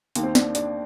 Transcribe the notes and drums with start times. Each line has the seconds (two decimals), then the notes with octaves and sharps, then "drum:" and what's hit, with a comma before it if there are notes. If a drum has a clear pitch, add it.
0.15 D#2 D#3, drum: hi-hat
0.23 C4
0.35 D4, drum: snare
0.55 D4, drum: hi-hat